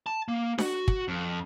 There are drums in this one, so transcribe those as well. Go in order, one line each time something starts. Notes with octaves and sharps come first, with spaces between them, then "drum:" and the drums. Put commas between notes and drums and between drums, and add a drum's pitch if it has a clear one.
A5
A#3
F#4, drum: snare D4
drum: kick
F2